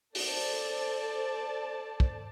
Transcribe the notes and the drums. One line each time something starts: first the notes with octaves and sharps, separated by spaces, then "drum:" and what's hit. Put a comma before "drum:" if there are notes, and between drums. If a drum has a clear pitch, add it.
A4 C5 D5 A5, drum: open hi-hat
drum: kick